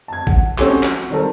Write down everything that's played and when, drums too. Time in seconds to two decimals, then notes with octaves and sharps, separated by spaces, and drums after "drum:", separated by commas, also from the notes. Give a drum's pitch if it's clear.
0.08 A5 G#6
0.27 F#5, drum: kick G#1
0.58 F3 C4 C#4 F#4 G4 A4, drum: clap
0.83 F#4, drum: clap
1.10 D#3 G3 A4 A#4 C5 A5